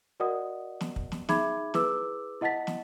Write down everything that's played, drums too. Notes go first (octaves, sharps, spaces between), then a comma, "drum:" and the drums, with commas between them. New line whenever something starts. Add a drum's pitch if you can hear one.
F#4 A#4 D5 D#5 F#5 D#6
drum: snare
drum: kick
drum: snare
D#4 G#4 E5 B5 D6 G#6, drum: snare
E4 G#4 B4 D6 E6, drum: snare
E4 D#5 F#5 A5 A6 B6
drum: snare